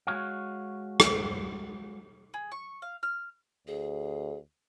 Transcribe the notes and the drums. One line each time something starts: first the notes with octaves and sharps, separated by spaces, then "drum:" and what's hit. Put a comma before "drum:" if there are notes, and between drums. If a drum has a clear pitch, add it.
G#3 F#4 C#5 F5
drum: rim click
G#4
C#6
F5
F6
D2 G#4